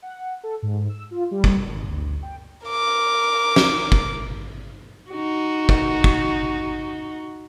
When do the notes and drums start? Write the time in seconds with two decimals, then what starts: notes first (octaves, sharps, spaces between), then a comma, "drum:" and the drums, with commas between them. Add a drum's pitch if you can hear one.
0.02 F#5
0.44 A4
0.62 G#2
0.89 E6
1.11 F4
1.31 G3
1.44 drum: kick
1.66 G#1
1.88 D2
2.23 G5
2.66 A#4 D6
3.56 drum: snare
3.92 drum: kick
5.11 D#4 F#4
5.69 drum: kick
6.04 drum: kick